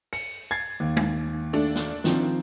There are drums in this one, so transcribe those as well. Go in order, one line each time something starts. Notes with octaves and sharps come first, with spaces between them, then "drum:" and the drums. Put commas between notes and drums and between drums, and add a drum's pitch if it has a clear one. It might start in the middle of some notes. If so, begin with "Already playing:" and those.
C#7, drum: open hi-hat
G#6 A6 C7
D#2
drum: tom
A3 D4
drum: snare
D#3 F3 C4, drum: snare